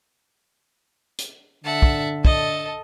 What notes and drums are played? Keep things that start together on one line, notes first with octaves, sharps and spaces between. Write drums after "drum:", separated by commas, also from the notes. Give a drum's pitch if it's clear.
drum: hi-hat
D3 E5 F#5 A5
drum: kick
A4 D#5 A5, drum: kick